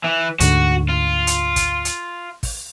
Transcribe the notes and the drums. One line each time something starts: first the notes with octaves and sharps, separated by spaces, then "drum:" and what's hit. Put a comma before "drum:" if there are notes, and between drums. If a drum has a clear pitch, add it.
E3
D2 G#2 D3 F#4, drum: hi-hat
F4
drum: hi-hat
drum: kick, hi-hat
drum: hi-hat
drum: kick, open hi-hat